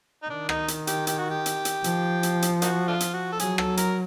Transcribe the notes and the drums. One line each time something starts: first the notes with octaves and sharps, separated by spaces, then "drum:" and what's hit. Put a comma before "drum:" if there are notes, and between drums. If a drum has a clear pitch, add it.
D#4
D#3 D4
D#4, drum: rim click
drum: hi-hat
G4, drum: hi-hat
G4, drum: hi-hat
F#4
G4
drum: hi-hat
drum: hi-hat
F3, drum: hi-hat
drum: hi-hat
drum: hi-hat
A#3 D#4 F#4, drum: hi-hat
A3 D4 F4
drum: hi-hat
F#4
A4
F#3 G#4, drum: hi-hat
A4, drum: rim click
A#4, drum: hi-hat